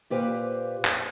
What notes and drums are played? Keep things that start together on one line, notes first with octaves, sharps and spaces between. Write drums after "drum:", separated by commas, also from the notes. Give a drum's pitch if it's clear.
A#2 G4 B4 C5 F5
drum: clap